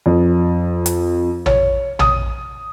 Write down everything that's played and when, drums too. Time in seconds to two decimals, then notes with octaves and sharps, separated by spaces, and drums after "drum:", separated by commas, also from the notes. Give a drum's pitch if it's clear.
0.06 F2
0.86 drum: hi-hat
1.46 C#5, drum: tom
1.99 D#6, drum: tom